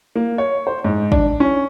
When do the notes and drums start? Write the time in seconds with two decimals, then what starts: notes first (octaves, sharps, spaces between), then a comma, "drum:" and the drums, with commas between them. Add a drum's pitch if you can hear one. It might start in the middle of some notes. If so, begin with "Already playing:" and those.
0.16 A#3
0.38 C#5
0.67 C5
0.84 G#2
1.12 D4, drum: kick
1.40 C#4